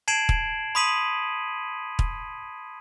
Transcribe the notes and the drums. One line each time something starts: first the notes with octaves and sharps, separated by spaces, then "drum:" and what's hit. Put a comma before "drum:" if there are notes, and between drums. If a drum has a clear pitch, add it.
A5 G#6 C7 D7 E7 F#7
drum: kick
B5 C6 D#6 B6 D#7 F#7
drum: kick